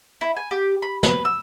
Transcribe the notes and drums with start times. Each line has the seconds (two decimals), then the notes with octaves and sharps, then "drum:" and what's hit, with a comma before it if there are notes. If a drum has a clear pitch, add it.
0.21 E4
0.37 G#5
0.51 G4
0.82 B5
1.03 B4, drum: snare
1.25 E6